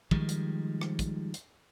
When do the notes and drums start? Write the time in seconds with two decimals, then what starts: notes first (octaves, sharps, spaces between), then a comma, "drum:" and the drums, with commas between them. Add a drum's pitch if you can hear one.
0.11 D#3 F3 G3 G#3, drum: kick
0.29 drum: hi-hat
0.81 drum: rim click
0.99 drum: kick, hi-hat
1.34 drum: hi-hat